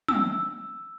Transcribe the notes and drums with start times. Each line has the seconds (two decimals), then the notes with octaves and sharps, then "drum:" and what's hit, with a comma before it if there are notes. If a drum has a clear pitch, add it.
0.08 E6, drum: tom